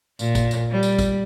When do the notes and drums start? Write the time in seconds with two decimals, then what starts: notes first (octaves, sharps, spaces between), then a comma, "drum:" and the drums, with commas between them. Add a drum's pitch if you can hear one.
0.19 A#2, drum: tambourine
0.35 drum: kick, tambourine
0.51 drum: tambourine
0.71 G3
0.83 drum: tambourine
0.99 drum: kick, tambourine